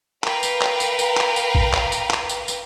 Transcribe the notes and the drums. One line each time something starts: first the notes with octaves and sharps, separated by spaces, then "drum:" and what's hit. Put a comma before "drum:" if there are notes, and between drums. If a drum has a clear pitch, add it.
A#4 B4 F5 G5 A#5, drum: clap
drum: tambourine
drum: clap
drum: tambourine
drum: tambourine
drum: clap
drum: tambourine
drum: kick A#1
drum: clap
drum: tambourine
drum: clap
drum: tambourine
drum: tambourine